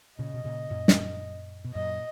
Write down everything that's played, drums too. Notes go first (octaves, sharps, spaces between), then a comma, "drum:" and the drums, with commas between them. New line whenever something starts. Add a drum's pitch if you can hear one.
A#2 C#3 D#5
B2
A#2 C#3
F#2 A#2
drum: snare
B2
F#2 A#2 D#5